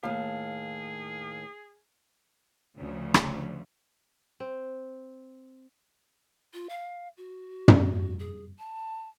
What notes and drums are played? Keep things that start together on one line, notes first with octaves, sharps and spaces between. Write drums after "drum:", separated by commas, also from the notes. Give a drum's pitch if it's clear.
D#2 A2 G#4 F5
D2 C#3 F3
drum: rim click
C4
F4
F5
F#4
drum: tom
G#4
A5